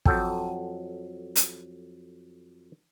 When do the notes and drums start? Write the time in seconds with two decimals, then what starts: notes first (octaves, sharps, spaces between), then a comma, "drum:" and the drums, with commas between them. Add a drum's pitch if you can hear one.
0.05 F2 F#3 A4 G5, drum: kick
1.36 drum: hi-hat